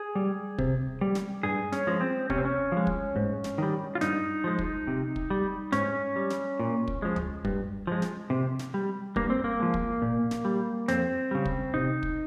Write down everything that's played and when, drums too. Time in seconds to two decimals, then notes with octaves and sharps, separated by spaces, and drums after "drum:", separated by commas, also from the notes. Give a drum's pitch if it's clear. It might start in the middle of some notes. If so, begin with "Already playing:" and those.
Already playing: G#4
0.15 G3
0.58 C3, drum: kick
1.01 G3
1.15 drum: snare
1.43 G2 G#4
1.72 C#4, drum: snare
1.87 F3 G#3
2.01 C4
2.30 C3 C#4, drum: kick
2.38 C4
2.45 C#4
2.72 F3 G#3
2.87 drum: kick
3.16 G#2
3.44 drum: snare
3.58 D#3 G3
3.95 F4
4.01 G2 D#4, drum: snare
4.44 F3 G#3
4.59 drum: kick
4.87 C3
5.16 drum: kick
5.30 G3
5.72 G#2 C#4, drum: snare
6.16 G3
6.30 drum: snare
6.60 A#2
6.88 drum: kick
7.02 F3 G#3
7.16 drum: tom D2
7.45 G2, drum: kick
7.87 F3 G#3
8.02 drum: snare
8.30 C3
8.59 drum: snare
8.74 G3
9.16 G2 A#3, drum: kick
9.30 C4
9.44 A#3
9.59 F3 G#3
9.74 drum: kick
10.02 A#2
10.31 drum: snare
10.45 G3
10.88 F2 C4, drum: snare
11.31 C#3 G3
11.45 drum: kick
11.74 C3 D#4
12.03 drum: kick